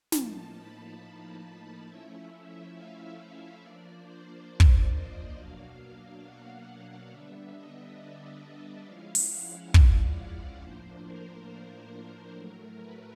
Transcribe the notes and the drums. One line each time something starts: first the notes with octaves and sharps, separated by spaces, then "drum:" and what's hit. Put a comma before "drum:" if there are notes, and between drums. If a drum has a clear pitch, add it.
A2 F3 A#3 D#4 A5, drum: snare
B5
A5
F3 A3 C#4 E4 E5
F5
E5
F3 A#3 D4 D5
C5
D5
drum: kick
D#5
B2 F#3 A#3 D4 F5
F#5
F5
D3 G3 B3 D4 E5
D#5
D5
F3 G#3 C#4 E4 F5
drum: open hi-hat
F#5
D5, drum: kick
A2 F3 A#3 D4 C5
A#4
A#4
A2 F#3 A3 A#4
B4